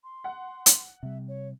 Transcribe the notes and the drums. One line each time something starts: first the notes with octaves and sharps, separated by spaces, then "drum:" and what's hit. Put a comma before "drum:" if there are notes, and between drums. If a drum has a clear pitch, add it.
C6
F#5
drum: hi-hat
C3 G3 E5
C#5